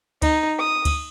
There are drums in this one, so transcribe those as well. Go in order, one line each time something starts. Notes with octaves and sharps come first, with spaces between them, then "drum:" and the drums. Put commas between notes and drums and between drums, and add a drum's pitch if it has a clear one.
D#4, drum: kick D2, cymbal
D#6
drum: kick D2, cymbal